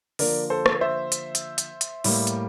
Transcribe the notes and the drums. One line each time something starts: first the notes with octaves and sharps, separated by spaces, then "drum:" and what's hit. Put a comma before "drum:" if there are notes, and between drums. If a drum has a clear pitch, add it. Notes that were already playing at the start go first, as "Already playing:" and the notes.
D3 F3 A#3 A#4 D5, drum: open hi-hat
A4 C5
drum: rim click
C5 E5
drum: hi-hat
drum: hi-hat
drum: hi-hat
drum: hi-hat
A2 G3 A#3, drum: open hi-hat
drum: hi-hat